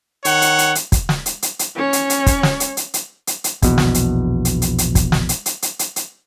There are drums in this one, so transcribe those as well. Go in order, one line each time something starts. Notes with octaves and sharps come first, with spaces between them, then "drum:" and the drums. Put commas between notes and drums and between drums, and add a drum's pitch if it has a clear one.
D#3 C#5 F#5, drum: hi-hat
drum: hi-hat
drum: hi-hat
drum: hi-hat
drum: kick, hi-hat
drum: snare
drum: hi-hat
drum: hi-hat
drum: hi-hat
C#4 C#5
drum: hi-hat
drum: hi-hat
drum: kick, hi-hat
drum: snare
drum: hi-hat
drum: hi-hat
drum: hi-hat
drum: hi-hat
drum: hi-hat
A#1 E2 B2, drum: kick, hi-hat
drum: snare
drum: hi-hat
drum: hi-hat
drum: hi-hat
drum: hi-hat
drum: kick, hi-hat
drum: snare
drum: hi-hat
drum: hi-hat
drum: hi-hat
drum: hi-hat
drum: hi-hat